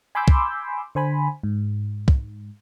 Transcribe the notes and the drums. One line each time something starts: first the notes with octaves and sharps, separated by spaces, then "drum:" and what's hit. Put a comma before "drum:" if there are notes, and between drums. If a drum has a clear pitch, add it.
G#5 B5 C6 D6 E6 G6
drum: kick
D3 C5 G#5 B5
G#2
drum: kick